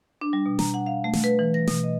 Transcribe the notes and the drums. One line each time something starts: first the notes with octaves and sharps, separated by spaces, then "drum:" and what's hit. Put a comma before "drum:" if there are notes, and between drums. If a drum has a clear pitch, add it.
D4
G3
B2
A#5, drum: snare
F#5
F5
A3
drum: snare
B4
E3
A#6
B2, drum: snare
D#5